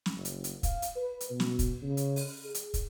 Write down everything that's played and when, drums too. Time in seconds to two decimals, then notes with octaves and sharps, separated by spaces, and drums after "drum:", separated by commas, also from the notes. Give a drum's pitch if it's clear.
0.06 drum: snare
0.15 F#1
0.25 drum: hi-hat
0.44 drum: hi-hat
0.63 F5, drum: kick, hi-hat
0.82 drum: hi-hat
0.96 B4
1.21 drum: hi-hat
1.30 B2
1.40 drum: snare
1.59 drum: kick, hi-hat
1.82 C#3
1.97 drum: hi-hat
2.16 drum: open hi-hat
2.44 G#4
2.55 drum: hi-hat
2.74 drum: kick, hi-hat